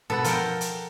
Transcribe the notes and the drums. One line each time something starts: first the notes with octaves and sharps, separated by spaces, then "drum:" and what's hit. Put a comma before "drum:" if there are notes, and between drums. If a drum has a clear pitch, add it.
B2 B3 A4 F#5
F3 A#4 F#5 G5, drum: hi-hat
drum: hi-hat